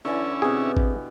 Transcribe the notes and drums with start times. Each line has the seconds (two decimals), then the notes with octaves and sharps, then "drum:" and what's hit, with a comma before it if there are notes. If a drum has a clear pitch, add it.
0.05 D3 E3 C#4 E4 D5
0.42 B2 C4 G4 G#4
0.77 drum: kick